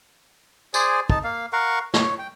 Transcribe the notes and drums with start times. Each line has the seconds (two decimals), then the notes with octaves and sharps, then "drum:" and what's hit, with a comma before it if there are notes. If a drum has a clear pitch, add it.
0.74 G#4 C5 D5 G#5, drum: tambourine
1.10 D#4 A5, drum: kick
1.24 A#3 F5
1.53 A#4 F5 F#5 C#6
1.94 C#5, drum: snare
2.19 G5